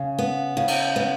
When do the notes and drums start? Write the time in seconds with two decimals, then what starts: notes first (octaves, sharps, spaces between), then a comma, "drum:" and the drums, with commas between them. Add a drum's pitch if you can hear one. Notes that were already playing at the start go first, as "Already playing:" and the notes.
Already playing: C#3
0.18 B3
0.57 C#3
0.68 drum: cymbal
0.96 B3